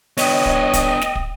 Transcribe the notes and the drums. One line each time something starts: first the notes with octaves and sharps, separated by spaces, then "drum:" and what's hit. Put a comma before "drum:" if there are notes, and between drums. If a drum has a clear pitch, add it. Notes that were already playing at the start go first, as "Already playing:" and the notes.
B3 D4 C#5 D#5 G5, drum: open hi-hat
drum: kick
drum: kick, hi-hat
drum: snare
drum: kick